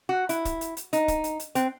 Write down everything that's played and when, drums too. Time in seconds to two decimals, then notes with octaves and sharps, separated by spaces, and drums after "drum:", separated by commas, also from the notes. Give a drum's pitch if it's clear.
0.09 F#4
0.29 E4, drum: hi-hat
0.45 drum: kick, hi-hat
0.61 drum: hi-hat
0.77 drum: hi-hat
0.93 D#4, drum: hi-hat
1.08 drum: kick, hi-hat
1.24 drum: hi-hat
1.40 drum: hi-hat
1.55 C4, drum: hi-hat